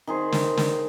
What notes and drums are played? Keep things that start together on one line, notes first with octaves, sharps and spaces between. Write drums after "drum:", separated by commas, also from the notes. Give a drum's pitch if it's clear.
D#3 G#4 C5
drum: snare
drum: snare